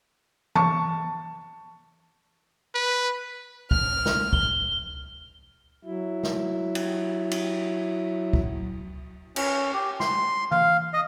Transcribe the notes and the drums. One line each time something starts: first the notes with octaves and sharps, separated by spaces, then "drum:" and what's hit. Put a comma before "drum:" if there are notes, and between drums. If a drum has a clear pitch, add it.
A5 C#6, drum: tom E3
B4
F6, drum: kick C#2
drum: snare
G7, drum: kick C#2
F#3 E4
drum: snare
drum: cymbal
drum: cymbal
drum: kick C#2
C#4, drum: cymbal
G4
C6, drum: snare
F5, drum: tom E3
D#5